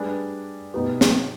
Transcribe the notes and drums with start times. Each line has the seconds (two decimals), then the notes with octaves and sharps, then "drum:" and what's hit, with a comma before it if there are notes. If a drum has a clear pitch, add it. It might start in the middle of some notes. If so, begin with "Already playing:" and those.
Already playing: G3 D4 G#4 B4
0.74 B2 B3 D#4 G4 B4
1.01 drum: snare